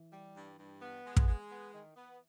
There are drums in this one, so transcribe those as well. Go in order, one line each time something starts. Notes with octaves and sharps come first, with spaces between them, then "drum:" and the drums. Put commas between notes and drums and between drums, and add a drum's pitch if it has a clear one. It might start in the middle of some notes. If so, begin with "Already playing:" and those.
Already playing: E3
G3
G2
G2
B3
G#3
drum: kick
G#3
B3
D#3
B3